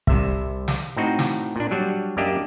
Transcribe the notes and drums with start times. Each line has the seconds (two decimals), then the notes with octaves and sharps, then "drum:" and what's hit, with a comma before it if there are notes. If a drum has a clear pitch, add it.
0.07 C2 C3 E5, drum: kick
0.68 drum: snare
0.97 A2 C4 D#4 F#4
1.19 drum: snare
1.56 A#2 D4
1.71 F#3 G3 D4
2.17 F#2 A#3 D4 G4 D#5 E5